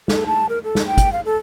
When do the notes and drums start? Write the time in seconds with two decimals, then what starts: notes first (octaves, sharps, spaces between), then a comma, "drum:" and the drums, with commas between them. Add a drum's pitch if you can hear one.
0.08 A4, drum: snare
0.27 A5
0.49 A#4
0.64 A4
0.75 drum: snare
0.86 G5
0.98 drum: kick, hi-hat
1.13 F5
1.25 A4